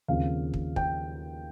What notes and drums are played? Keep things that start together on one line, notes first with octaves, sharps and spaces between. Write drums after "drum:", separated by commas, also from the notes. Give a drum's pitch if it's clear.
D#2 C#3 F3 C4 F5
drum: kick
G5, drum: kick